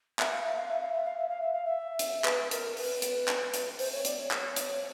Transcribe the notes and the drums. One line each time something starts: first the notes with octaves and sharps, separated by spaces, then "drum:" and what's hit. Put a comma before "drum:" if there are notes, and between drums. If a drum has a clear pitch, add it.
E5, drum: clap
F5
E5
F5
E5
F5
E5
F5
E5
F5
E5
F5
E5
drum: hi-hat
B4, drum: clap
A#4, drum: hi-hat
B4, drum: open hi-hat
drum: hi-hat
drum: clap
drum: hi-hat
C5, drum: open hi-hat
C#5
D5, drum: hi-hat
C#5
C#5, drum: clap
drum: hi-hat